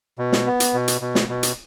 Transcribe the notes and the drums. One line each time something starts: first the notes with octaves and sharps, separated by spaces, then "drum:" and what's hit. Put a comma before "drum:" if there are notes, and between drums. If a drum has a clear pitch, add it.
B2
drum: snare
B3
drum: hi-hat
B2
drum: hi-hat
B2
drum: snare
B2
drum: hi-hat